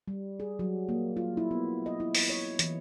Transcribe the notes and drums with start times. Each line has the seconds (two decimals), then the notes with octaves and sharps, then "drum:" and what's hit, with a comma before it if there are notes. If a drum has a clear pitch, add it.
0.08 G3
0.40 G#4
0.59 F#3
0.89 A#3
1.17 F4
1.37 E4
1.51 B3
1.86 D#5
2.00 E4
2.15 drum: open hi-hat
2.30 C#5
2.59 E3, drum: hi-hat